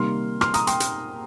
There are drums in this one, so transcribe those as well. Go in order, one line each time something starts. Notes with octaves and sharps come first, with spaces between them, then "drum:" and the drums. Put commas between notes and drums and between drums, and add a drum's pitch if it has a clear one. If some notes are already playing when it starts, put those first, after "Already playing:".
Already playing: C3 D#3 G3 A#3 C6 F6
C6 F6, drum: rim click
A#5 D#6, drum: hi-hat
G5 C6, drum: hi-hat
drum: hi-hat